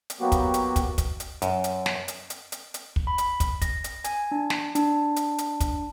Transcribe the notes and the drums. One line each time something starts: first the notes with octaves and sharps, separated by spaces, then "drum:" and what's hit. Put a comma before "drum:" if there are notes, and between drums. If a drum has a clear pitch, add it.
drum: hi-hat
F#3 A#3 B3 F#4 G4
drum: kick, hi-hat
drum: hi-hat
drum: kick, hi-hat
drum: kick, hi-hat
drum: hi-hat
F#2, drum: hi-hat
drum: hi-hat
drum: snare
drum: hi-hat
drum: hi-hat
drum: hi-hat
drum: hi-hat
drum: kick
B5
drum: hi-hat
drum: kick, hi-hat
A#6, drum: kick, hi-hat
drum: hi-hat
G#5, drum: hi-hat
D4
drum: snare
D4, drum: hi-hat
drum: hi-hat
drum: hi-hat
drum: kick, hi-hat